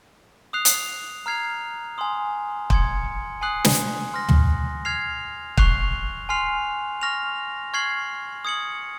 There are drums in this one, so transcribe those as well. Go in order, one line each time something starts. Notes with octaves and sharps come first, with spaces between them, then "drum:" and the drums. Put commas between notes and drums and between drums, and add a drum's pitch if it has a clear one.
D#6 F#6 C7 F7
drum: hi-hat
A#5 F6 G#6 C7 F7
G#5 C6 D#6
C6 D#6 G#6 C#7, drum: kick
G#5 D#6 F#6 C7 F#7
drum: snare
C6 F6 A#6
drum: tom
F6 G#6 C7 F7
C#6 F#6 C7 F7, drum: kick
G#5 C6 F6 C7 F7
C#6 F6 A#6 F7
C#6 F6 G#6 C7 F#7
D#6 G#6 C#7 F#7